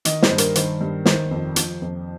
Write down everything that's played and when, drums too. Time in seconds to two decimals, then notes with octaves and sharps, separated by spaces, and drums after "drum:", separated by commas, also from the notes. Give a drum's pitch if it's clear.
0.05 D#3 D#5, drum: hi-hat
0.23 C5, drum: snare
0.31 G2
0.38 A#4, drum: hi-hat
0.55 D#3 C5, drum: hi-hat
0.81 G2
1.06 D#3 C5, drum: snare
1.31 F2
1.56 F3, drum: hi-hat
1.82 F2